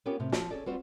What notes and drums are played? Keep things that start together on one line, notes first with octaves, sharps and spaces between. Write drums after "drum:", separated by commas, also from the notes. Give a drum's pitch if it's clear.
B3 C#4 F4 G4 A#4 C#5
A2 C3
F3, drum: snare
C#4 G#4 A4 D5
G3 C4 F4 F#4 B4 C5